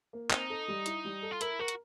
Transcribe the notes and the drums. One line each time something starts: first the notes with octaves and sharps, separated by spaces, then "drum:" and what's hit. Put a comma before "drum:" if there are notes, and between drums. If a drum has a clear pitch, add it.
A#3
C4 D#4, drum: clap
A4
G3
E4, drum: hi-hat
G3
A4
F4
E4 A#4, drum: hi-hat
F#4 A#4
drum: hi-hat